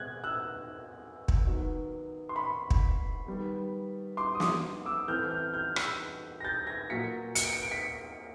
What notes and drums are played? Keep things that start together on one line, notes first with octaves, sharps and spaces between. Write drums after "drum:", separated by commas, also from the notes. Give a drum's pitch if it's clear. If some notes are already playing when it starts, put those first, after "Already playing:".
Already playing: B2 G#3 C4 F#6 G#6
E6 F#6
drum: kick
D#3 F#3 B3
C6
B5 C#6
drum: kick
D#3 G3 B3
C6 D6
D#6
C6 D6, drum: snare
D6 E6
E3 A3 C4 F6 G6
F6 G6
F6 G6
E6 F#6, drum: rim click
A#6
G6 A6
G#6 A#6
A#2 F#3 A#3 B6 C#7
C#7, drum: hi-hat
D7
C#7
D7
B6 C#7